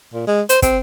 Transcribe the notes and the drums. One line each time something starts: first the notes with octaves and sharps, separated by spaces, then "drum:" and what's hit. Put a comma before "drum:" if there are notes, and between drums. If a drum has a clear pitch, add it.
A#2
G#3
C5, drum: hi-hat
C4, drum: kick, hi-hat